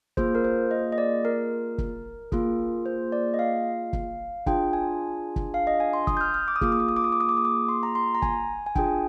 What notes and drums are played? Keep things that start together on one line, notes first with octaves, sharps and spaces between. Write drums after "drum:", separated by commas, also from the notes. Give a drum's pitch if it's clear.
A#3 F4 G#4 C5, drum: kick
A#4
C5
D#5
D#5
D5
A#4
drum: kick
A#3 F4 G#4, drum: kick
C5
D5
D#5
F5
drum: kick
D4 F4 G#4 G5, drum: kick
G#5
drum: kick
F5
D#5
G#5
C6
D#6, drum: kick
G6
F6
F6
D6
D#6
A#3 F4 G#4 D6, drum: kick
D#6
D6
D#6
D6
D#6
D6
D#6
D6
D#6
D6
C6
A#5
C6
A#5
G#5, drum: kick
G#5
D4 F4 G#4 G5, drum: kick